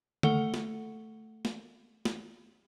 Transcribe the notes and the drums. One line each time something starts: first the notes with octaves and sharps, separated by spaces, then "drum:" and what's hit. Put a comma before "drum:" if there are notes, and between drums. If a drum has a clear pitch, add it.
A3 A4 F#5 G7, drum: tom D3
drum: snare
drum: snare
drum: snare